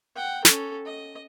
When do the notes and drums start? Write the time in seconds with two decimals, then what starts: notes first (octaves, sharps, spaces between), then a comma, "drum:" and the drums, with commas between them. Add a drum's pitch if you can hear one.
0.16 F#5 G5
0.45 C#4 A4, drum: snare
0.86 D#5